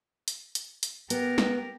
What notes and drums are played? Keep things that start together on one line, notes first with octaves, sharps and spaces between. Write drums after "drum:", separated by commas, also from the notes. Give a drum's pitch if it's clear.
drum: hi-hat
drum: hi-hat
drum: hi-hat
B3 G4 A#4, drum: hi-hat
drum: snare